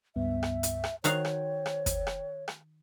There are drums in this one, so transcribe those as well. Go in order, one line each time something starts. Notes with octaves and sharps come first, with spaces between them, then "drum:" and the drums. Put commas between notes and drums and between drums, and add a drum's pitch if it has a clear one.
C#2 G2 B3 E5
drum: rim click
drum: hi-hat
drum: rim click
D#3 F#4 C5 C#5 F5 G5, drum: hi-hat
drum: rim click
drum: rim click
drum: kick, hi-hat
drum: rim click
drum: rim click